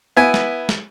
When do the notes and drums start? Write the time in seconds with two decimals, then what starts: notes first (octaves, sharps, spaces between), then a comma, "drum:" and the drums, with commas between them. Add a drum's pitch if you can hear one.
0.17 B3 E4 G#5
0.34 drum: snare
0.69 drum: snare